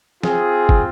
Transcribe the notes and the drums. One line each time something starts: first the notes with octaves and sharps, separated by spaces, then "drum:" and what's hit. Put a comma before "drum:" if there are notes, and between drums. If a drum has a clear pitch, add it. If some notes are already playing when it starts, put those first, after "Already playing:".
C4 F4 G#4, drum: snare
drum: kick